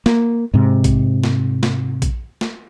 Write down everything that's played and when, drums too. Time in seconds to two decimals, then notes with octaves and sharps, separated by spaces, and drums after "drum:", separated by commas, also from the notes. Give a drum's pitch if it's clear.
0.06 A#3, drum: snare
0.54 G#2 C3
0.84 drum: kick A#1, hi-hat
1.24 drum: snare
1.63 drum: snare
2.02 drum: kick A#1, hi-hat
2.41 drum: snare